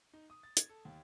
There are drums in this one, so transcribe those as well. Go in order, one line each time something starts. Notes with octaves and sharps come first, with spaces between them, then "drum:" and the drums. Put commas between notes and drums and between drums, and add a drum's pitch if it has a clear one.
D#4
D#6
A6
G#6, drum: hi-hat
A4
D#2